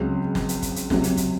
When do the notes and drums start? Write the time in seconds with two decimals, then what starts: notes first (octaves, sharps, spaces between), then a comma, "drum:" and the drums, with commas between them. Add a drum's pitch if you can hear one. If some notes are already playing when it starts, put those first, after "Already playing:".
Already playing: C#2 C#3 F#3 C4
0.35 drum: snare
0.49 drum: hi-hat
0.62 drum: kick, hi-hat
0.76 drum: hi-hat
0.90 C#2 C3 F#3, drum: snare
1.04 drum: hi-hat
1.17 drum: kick, hi-hat